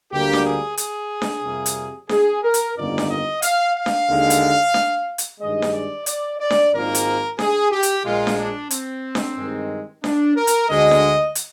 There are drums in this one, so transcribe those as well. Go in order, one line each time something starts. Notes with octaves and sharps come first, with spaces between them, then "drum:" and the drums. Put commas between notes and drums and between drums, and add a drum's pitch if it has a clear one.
D2 D3 G3 A#3 G4
drum: snare D4
G#4
G#4, drum: hi-hat
drum: snare D4
F2 C3 G3 A#3
drum: hi-hat
G#4, drum: snare D4
A#4
drum: hi-hat
G1 F2 D#3 A#3 D5
drum: snare D4
D#5
F5, drum: hi-hat
F5
drum: snare D4
D#2 D3 G#3
drum: hi-hat
drum: snare D4
drum: hi-hat
G2 D#3 G#3 D#5
drum: snare D4
D5
D5, drum: hi-hat
D5
drum: snare D4
G#1 G#2 F3 A#3 A#4
drum: hi-hat
G#4, drum: snare D4
G4
drum: hi-hat
A#1 A#2 G#3 F4
drum: snare D4
D4
C4, drum: hi-hat
drum: snare D4
G2 D#3 G#3
D4, drum: snare D4
A#4
drum: hi-hat
D2 D3 G#3 D#5
drum: snare D4
drum: hi-hat